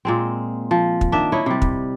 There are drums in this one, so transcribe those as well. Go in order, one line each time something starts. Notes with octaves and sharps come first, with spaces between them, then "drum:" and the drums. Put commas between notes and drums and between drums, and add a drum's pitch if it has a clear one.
A#2 G#3 C4
F3
drum: kick
D#3 D4 E5
E4 C#5 D#5
C3 G3
drum: kick